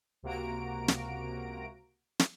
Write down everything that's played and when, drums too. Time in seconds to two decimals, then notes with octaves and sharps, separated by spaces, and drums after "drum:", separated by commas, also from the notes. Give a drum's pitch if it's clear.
0.23 C#2 C3 A#3 F#4 A#5 D7
0.88 drum: snare
2.19 drum: snare